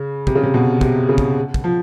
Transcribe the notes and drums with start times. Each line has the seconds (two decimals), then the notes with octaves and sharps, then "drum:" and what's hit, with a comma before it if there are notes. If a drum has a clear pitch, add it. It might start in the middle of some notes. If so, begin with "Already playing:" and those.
Already playing: C#3
0.27 C3, drum: kick
0.35 C#3
0.43 C3
0.54 B2
0.81 C3, drum: kick
1.09 C#3
1.18 drum: kick
1.54 drum: kick
1.64 F3